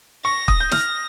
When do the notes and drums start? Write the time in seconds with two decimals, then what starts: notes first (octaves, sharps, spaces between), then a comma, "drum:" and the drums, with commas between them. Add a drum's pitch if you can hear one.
0.24 C#6 A#6
0.48 D#6, drum: kick
0.60 G6
0.71 F6 A#6, drum: snare